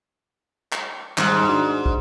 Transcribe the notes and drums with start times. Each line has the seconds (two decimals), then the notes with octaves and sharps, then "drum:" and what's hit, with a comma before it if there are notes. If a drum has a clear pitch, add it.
0.72 drum: clap
1.18 G#2 D#3 G3 G#3, drum: clap
1.49 D4 F#4
1.86 drum: kick